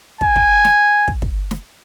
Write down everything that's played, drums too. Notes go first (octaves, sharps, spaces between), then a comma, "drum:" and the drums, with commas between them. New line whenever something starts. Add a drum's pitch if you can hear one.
G#5, drum: kick
drum: kick
drum: snare
drum: kick
drum: kick
drum: snare